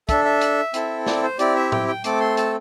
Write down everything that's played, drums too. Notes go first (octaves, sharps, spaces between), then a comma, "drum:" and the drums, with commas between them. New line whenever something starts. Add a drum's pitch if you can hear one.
D4 A4 E5, drum: kick, hi-hat
E5
drum: hi-hat
C4 E4 A4, drum: hi-hat
D5, drum: snare
C5
C4 E4 G4 D5, drum: hi-hat
E5
G5, drum: tom A2
G5
A3 C4 A4 D6, drum: hi-hat
C6
A5, drum: hi-hat